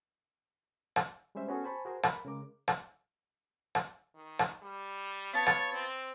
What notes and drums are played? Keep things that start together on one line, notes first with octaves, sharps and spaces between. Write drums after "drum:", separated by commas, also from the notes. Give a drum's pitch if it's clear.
drum: rim click
G3 G#3 C#4 C5 E5
B3 C#4 F#4 G#4 A4
C5 G#5 A5 B5 C#6
F#4 G#4 A#4 C5
A#4 B5, drum: rim click
C#3 G#3 A#4 D6
drum: rim click
drum: rim click
D#3
drum: rim click
G3
B3 F4 C#5 A5
drum: rim click
C4